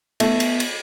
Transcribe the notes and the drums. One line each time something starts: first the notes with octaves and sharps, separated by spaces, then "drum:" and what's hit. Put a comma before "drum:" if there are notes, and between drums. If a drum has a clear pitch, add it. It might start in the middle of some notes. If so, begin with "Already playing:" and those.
A3 B3, drum: cymbal
drum: cymbal
drum: cymbal